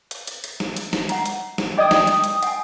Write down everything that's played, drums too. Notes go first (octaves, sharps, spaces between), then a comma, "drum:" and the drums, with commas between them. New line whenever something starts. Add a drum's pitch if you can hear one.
drum: hi-hat
drum: hi-hat
drum: hi-hat
drum: snare
drum: hi-hat
drum: snare
F#5 A#5, drum: hi-hat
drum: hi-hat
drum: snare
D5 D#5 G5 D6 D#6
drum: snare
drum: hi-hat
drum: hi-hat
F#5 G#5, drum: hi-hat